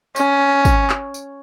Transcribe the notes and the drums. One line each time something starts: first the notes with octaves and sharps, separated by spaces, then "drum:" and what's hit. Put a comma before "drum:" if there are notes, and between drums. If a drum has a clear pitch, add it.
C#4, drum: tambourine
drum: kick, tambourine
drum: clap
drum: tambourine